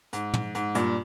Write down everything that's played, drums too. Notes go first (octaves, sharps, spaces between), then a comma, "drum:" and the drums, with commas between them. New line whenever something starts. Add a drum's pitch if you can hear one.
G#2, drum: hi-hat
drum: tom
G#2, drum: hi-hat
G2 A#2, drum: hi-hat